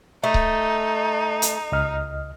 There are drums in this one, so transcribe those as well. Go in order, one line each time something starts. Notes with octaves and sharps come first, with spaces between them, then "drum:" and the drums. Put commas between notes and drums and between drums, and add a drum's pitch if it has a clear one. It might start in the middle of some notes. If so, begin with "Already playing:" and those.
A3 D#4
drum: kick C#1
drum: hi-hat
C#2 D#5 F6